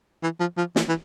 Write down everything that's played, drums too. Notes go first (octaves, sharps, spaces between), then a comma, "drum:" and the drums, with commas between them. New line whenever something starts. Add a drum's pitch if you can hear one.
E3
F3
F3
E3, drum: snare
E3